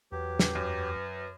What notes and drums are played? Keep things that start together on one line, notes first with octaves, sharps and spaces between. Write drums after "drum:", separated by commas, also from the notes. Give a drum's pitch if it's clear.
E2 F#3 G4 B4
drum: snare
F#2